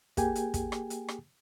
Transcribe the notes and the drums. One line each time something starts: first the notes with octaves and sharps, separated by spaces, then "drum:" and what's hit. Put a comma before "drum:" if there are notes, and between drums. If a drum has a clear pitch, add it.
A#3 G4 G#4 G5 G#5, drum: kick, hi-hat
drum: hi-hat
drum: kick, hi-hat
drum: rim click
drum: hi-hat
drum: rim click